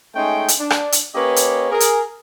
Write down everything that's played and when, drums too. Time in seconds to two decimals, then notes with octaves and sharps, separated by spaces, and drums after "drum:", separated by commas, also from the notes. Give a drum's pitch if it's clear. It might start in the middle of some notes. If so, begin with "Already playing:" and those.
0.15 G#3 A3 C#4 D#4 G5
0.48 drum: hi-hat
0.59 D4
0.70 drum: rim click
0.92 drum: hi-hat
1.14 A#3 C#4 G4 B4 C#5 D#5
1.36 drum: hi-hat
1.71 G#4 A#4
1.80 drum: hi-hat